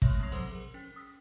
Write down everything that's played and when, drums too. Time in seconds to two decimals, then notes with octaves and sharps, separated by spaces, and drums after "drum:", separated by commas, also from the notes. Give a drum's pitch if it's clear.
0.02 G3 G#3 C#5 E5 A#6 F#7, drum: kick
0.20 F3 C4 C#5 C7 F7
0.31 F#3 A4 C5 F#5 C6 F#7
0.52 G#4 A#4
0.74 C#4 G5
0.96 D#6 E6 B6